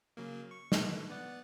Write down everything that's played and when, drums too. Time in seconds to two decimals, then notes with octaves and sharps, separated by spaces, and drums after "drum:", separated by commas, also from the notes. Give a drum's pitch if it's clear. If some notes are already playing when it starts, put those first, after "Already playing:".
0.17 C#3 F#3 A#3
0.51 C#6
0.72 B2 A#3 B3, drum: snare
0.91 D3 E3 A3
1.10 B3 D5 F#5